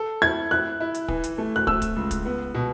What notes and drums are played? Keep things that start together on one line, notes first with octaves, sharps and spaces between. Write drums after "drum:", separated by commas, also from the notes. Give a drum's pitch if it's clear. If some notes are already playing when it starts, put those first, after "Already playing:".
Already playing: A4
E4 G#6
E4 F#6
E4
drum: hi-hat
E3, drum: kick
drum: hi-hat
A3
F#6
A3 E6, drum: kick
drum: kick, hi-hat
C#2
drum: kick, hi-hat
B3
B2